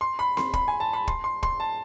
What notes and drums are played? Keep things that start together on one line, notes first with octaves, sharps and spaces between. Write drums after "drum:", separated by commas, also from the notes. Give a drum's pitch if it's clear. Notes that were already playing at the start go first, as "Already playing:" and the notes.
C6
B5
C6, drum: snare C4
B5, drum: kick
G#5
A5
B5
C6, drum: kick
C6
C6, drum: kick
A5